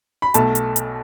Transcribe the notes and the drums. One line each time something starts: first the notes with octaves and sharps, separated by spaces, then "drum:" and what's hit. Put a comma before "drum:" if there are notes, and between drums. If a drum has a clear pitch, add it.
B5
B1 B2 A3 A5, drum: hi-hat
drum: hi-hat
drum: hi-hat